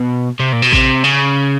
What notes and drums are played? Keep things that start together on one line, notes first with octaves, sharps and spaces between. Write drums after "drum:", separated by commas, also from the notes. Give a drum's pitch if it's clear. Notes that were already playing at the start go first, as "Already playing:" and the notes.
Already playing: B2
C3
A#2
B2
C3, drum: kick A1
C#3